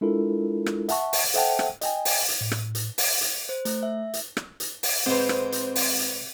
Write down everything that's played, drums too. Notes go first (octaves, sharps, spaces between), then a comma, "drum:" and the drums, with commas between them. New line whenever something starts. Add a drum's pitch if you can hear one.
G#3 D4 E4 F4 A4 A#4
drum: rim click
E5 F#5 A5 C#6, drum: hi-hat
drum: open hi-hat
A4 C5 E5 F#5 G5 A5, drum: hi-hat
drum: rim click
D#5 G5 G#5, drum: hi-hat
drum: open hi-hat
drum: hi-hat
A2
drum: rim click
drum: hi-hat
drum: open hi-hat
drum: hi-hat
C5
A3, drum: hi-hat
E5
drum: hi-hat
drum: rim click
drum: hi-hat
drum: open hi-hat
G#2 E3 C4 C5
drum: rim click
drum: hi-hat
drum: open hi-hat
drum: hi-hat